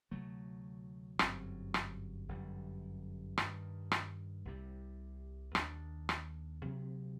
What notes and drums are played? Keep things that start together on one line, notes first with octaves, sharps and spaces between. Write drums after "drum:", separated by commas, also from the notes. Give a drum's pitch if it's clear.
D2 C3 F#3 A3
G1 F#2 F#3 C4, drum: rim click
drum: rim click
G1 F#2 D3 G3
G2 D#3 G3, drum: rim click
drum: rim click
C2 C3 G3
D#2 D#3 A3 D4, drum: rim click
drum: rim click
D2 C3 F#3 C4